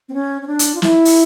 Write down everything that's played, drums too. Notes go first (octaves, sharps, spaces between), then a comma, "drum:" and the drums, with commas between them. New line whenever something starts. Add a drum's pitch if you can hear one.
C4
C#4
C#4
D4
drum: hi-hat
F4
E4, drum: snare
drum: open hi-hat